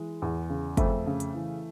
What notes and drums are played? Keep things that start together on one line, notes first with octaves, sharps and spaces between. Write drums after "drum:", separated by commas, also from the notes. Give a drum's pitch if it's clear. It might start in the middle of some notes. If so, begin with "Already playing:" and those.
Already playing: E3 G#3
E2
C#3
F2 A3, drum: kick G1, hi-hat
C#3
drum: hi-hat
E3